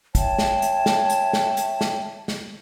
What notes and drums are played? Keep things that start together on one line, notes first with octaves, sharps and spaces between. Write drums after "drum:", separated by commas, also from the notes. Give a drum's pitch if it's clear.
C#5 E5 G5 A5, drum: kick, hi-hat
drum: snare
drum: hi-hat
drum: snare
drum: hi-hat
drum: snare
drum: hi-hat
drum: snare
drum: snare